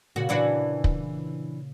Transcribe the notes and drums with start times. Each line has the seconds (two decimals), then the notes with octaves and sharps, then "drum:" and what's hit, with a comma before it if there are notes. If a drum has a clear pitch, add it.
0.16 A#2 C#3 F#4
0.29 E3 D4 F#4
0.84 drum: kick